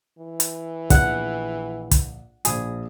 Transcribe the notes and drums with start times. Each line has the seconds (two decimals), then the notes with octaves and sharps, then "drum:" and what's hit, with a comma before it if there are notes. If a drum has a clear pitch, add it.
0.19 E3
0.40 drum: hi-hat
0.90 A#1 F#5, drum: kick, hi-hat
1.91 drum: kick, hi-hat
2.45 A#1 G#4 C5 B5, drum: hi-hat